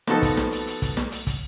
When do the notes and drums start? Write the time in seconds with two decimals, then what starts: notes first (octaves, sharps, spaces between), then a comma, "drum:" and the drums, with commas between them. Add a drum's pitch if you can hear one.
0.07 F3 B3 D#4 F#4 A4, drum: snare
0.22 drum: kick, hi-hat
0.37 drum: snare
0.52 drum: hi-hat
0.67 drum: hi-hat
0.82 drum: kick, hi-hat
0.97 drum: snare
1.12 drum: hi-hat
1.27 drum: kick, hi-hat